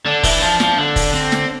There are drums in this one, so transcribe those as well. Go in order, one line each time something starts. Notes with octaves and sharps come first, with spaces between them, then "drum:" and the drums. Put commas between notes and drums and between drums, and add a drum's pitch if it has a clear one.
D3 D4
E3, drum: kick F1, open hi-hat
F3
F3, drum: snare
D3 D4
drum: kick F1, open hi-hat
C4
drum: snare